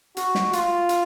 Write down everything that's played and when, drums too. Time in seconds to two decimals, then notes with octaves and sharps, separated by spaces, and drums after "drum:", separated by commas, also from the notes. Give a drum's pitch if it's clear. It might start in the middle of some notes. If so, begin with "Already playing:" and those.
0.17 F#4, drum: hi-hat
0.35 drum: snare
0.53 F4, drum: hi-hat
0.89 drum: hi-hat